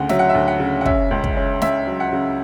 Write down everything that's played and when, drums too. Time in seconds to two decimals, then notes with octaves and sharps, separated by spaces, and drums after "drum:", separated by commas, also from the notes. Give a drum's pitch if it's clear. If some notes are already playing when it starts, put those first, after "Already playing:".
Already playing: D2 C#3 F#5
0.09 F#3 E5, drum: snare
0.19 F#5
0.29 E5
0.35 D2
0.48 F#5
0.60 C#3
0.81 F#5
0.86 C#4 E5, drum: kick
1.11 C#2
1.24 drum: kick
1.36 C#4
1.62 C#4 E5, drum: snare
1.87 F#3
2.00 F#5
2.13 C#3